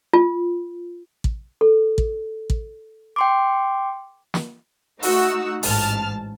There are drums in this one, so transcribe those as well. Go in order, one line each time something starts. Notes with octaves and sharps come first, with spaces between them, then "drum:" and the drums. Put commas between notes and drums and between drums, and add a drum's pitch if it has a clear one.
F4
drum: kick
A4
drum: kick
drum: kick
G5 C6 D6
drum: snare
A3 D#4 F#4 F#5 E6, drum: open hi-hat
A1 G#2 A5 F6, drum: open hi-hat